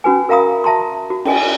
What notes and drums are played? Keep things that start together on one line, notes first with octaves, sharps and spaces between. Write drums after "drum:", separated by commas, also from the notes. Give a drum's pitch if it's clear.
C#4 F#4 B4 G#5
A#4 E5 F5 A#5 B5 D#6
E5 A5 A#5 C6
F#4
C#4 G#5, drum: cymbal